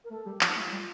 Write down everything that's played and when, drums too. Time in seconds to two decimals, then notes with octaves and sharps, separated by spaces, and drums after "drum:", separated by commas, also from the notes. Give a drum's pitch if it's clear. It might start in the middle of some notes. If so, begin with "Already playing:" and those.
0.04 A#4
0.11 A3 A4
0.25 G3 G4
0.41 F3 F4, drum: clap
0.49 D#4
0.56 A3 F4
0.72 G3